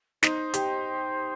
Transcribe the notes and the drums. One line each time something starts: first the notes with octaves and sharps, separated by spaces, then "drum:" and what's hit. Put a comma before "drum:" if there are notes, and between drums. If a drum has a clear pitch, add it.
D#4 C5, drum: snare
G4, drum: hi-hat